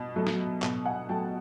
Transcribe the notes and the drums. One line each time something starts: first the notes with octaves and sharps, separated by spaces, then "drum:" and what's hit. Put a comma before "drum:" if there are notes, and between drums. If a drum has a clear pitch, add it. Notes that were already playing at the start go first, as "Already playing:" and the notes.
Already playing: B2
F#3 A3
drum: snare
B2, drum: clap
F#5 G#5
F#3 A3 G5 A5